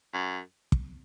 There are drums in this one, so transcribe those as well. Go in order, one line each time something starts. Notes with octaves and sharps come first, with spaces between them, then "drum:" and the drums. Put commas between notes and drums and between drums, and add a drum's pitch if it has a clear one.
F#2
drum: kick